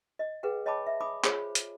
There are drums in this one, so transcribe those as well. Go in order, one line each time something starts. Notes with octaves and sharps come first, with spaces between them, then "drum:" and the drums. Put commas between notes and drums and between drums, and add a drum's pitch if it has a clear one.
D#5
G#4 B4 F#5 G5
C#5 D#5 G5 A5 B5 D6
E5
G#5 B5 D6 D#6
F4 G#4 C5 C#5 G#5 B5, drum: clap
drum: hi-hat